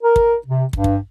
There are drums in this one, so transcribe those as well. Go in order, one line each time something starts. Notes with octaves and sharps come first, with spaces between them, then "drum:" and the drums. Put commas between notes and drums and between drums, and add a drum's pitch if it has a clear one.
A#4
drum: kick
C3
G2, drum: kick
drum: kick